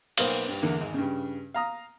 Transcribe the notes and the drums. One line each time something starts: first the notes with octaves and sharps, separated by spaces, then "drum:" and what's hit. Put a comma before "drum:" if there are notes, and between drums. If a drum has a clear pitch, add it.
B1 A#3 B3 C5 F5, drum: cymbal
G2
E2 D3 A#3
G#1
G2 C#3
F5 A#5 D#6